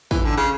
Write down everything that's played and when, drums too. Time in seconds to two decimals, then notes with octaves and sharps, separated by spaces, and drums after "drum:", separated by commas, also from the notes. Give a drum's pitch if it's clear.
0.11 E3, drum: kick
0.24 D3
0.37 C#3